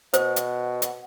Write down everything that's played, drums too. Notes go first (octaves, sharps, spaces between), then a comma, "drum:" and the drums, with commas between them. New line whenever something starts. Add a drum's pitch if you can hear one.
B2 C5 F#5, drum: hi-hat
drum: hi-hat
drum: hi-hat